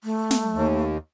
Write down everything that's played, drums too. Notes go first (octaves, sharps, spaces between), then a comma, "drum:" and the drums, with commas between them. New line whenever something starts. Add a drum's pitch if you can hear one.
A3
drum: snare
D#2